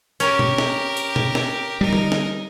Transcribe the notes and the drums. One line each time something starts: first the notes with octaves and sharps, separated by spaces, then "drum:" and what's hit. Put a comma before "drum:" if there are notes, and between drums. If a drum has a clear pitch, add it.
C#4 G4 A#4, drum: hi-hat
drum: tom B2
drum: snare
drum: hi-hat
drum: tom B2
drum: snare
G3 D#4 A#4
drum: tom D3
drum: snare